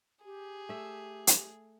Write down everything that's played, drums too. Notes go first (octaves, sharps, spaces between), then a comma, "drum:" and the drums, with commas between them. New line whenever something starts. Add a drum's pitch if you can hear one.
G4 G#4
A3 E5
drum: hi-hat